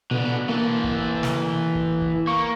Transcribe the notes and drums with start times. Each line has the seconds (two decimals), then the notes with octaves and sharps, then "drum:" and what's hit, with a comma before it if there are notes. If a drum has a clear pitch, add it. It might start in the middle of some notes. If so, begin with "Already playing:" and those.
0.11 B2 D3 B3
0.49 E3 A#3 A4
0.84 drum: kick
1.23 drum: snare
1.75 drum: kick
2.01 drum: kick
2.27 A#3 C#6